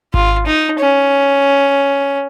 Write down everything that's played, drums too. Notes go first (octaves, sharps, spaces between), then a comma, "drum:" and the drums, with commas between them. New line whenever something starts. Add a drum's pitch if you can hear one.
F4, drum: kick G#1
D#4
C#4